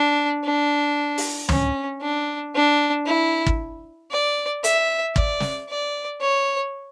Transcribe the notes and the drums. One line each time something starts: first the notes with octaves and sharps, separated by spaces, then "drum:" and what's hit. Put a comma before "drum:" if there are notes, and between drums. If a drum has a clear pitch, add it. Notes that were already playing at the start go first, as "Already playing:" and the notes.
Already playing: D4
D4
drum: open hi-hat
C#4, drum: tom
D4
D4
E4
drum: kick
D5
E5, drum: hi-hat
D5, drum: kick
drum: snare
D5
C#5